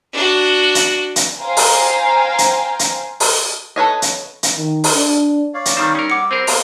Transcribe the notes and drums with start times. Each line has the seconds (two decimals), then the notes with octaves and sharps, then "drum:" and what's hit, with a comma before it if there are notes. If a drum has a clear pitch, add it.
0.13 D4 F#4
0.75 drum: hi-hat
1.16 drum: hi-hat
1.40 C5 F5 G5 G#5 A#5
1.57 drum: open hi-hat
2.38 drum: hi-hat
2.79 drum: hi-hat
3.20 drum: open hi-hat
3.76 A4 B4 C#5 D#5
4.02 drum: hi-hat
4.43 drum: hi-hat
4.57 D#3
4.84 drum: open hi-hat
4.94 D4
5.54 C#5 D5 F5
5.65 drum: hi-hat
5.77 D#3 G3 C4 D#4 E7
5.95 G3 C#4 A#4 E6
6.10 F#5 D6 C#7
6.31 C4 G#4 A#4 C5
6.47 A#3 B3 F4 F7, drum: open hi-hat